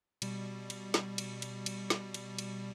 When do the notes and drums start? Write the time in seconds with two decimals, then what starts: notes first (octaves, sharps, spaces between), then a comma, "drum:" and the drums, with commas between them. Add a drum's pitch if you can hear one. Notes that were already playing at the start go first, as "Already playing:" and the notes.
0.22 B2 G3, drum: cymbal
0.70 drum: cymbal
0.94 drum: snare
1.18 drum: cymbal
1.42 drum: cymbal
1.66 drum: cymbal
1.90 drum: snare
2.14 drum: cymbal
2.38 drum: cymbal